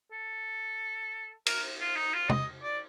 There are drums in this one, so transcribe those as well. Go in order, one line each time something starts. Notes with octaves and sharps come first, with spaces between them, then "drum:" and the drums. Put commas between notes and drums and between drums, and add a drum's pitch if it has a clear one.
A4
A#4, drum: cymbal
F4
D#4
F4
D#5, drum: tom
D5